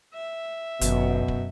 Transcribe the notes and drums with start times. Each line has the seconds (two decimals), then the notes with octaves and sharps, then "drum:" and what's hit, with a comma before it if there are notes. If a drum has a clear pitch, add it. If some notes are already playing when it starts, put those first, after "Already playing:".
0.14 E5
0.81 G1 F#2 B2, drum: hi-hat
1.28 drum: kick